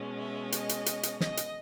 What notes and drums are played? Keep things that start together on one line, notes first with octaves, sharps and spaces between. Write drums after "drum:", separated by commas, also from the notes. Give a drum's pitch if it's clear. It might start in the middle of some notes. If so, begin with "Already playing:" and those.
Already playing: B2 G#3 C#4
E5
D#5, drum: hi-hat
drum: hi-hat
drum: hi-hat
drum: hi-hat
D#5, drum: snare
drum: hi-hat